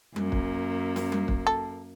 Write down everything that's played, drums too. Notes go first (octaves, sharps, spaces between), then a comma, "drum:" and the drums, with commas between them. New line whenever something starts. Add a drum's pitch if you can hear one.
F#2 A#3, drum: tom G3
drum: kick
drum: snare C#4
drum: tom G3
drum: kick
A4